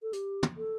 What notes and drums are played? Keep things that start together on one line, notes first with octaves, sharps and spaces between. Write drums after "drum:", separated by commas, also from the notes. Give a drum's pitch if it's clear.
A4
G4, drum: hi-hat
drum: tom
A4